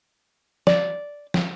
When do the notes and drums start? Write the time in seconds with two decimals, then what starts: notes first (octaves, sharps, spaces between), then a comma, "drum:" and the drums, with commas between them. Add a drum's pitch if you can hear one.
0.67 D5, drum: snare
1.34 drum: snare